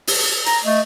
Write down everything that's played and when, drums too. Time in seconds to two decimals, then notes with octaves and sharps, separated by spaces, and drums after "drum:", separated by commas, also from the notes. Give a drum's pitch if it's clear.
0.07 drum: open hi-hat
0.46 A#5, drum: hi-hat
0.65 A3 D#5